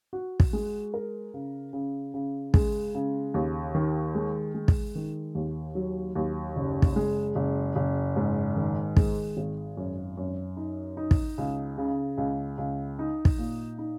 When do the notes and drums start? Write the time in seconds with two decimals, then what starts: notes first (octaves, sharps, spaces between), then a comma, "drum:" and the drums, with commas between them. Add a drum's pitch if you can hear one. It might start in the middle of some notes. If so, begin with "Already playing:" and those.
0.13 F#4
0.40 drum: kick
0.53 G#3
0.94 A#4
1.34 C#3
1.73 C#3
2.14 C#3
2.54 G#3, drum: kick
2.95 C#3
3.34 D#2
3.75 D#3
4.15 G#3
4.55 G#3
4.68 drum: kick
4.95 D#3
5.35 D#2
5.75 F#3
6.16 D#2
6.56 F#1
6.82 drum: kick
6.96 G#3
7.35 F#1
7.76 F#1
8.16 G#2
8.57 D#3
8.97 G#3, drum: kick
9.37 G#1
9.77 F#2
10.17 F#2
10.57 D#4
10.97 D#4
11.11 drum: kick
11.38 C#2
11.78 C#3
12.18 C#2
12.58 C#2
12.99 D#4
13.25 drum: kick
13.38 A#2
13.79 D#4